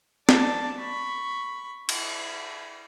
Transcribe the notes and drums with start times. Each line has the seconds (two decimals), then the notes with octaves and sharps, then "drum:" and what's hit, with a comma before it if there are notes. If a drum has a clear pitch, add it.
0.29 D5 A5, drum: snare
0.80 B5 C#6
1.89 E4, drum: cymbal